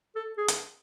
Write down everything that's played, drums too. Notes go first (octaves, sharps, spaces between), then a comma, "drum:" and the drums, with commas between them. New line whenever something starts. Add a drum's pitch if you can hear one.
A4
G#4
drum: hi-hat